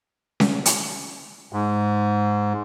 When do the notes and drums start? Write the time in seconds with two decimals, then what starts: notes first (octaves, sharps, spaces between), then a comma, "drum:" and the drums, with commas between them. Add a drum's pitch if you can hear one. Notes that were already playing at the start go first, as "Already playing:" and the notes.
0.40 drum: snare C#4
0.66 drum: hi-hat
1.53 G#2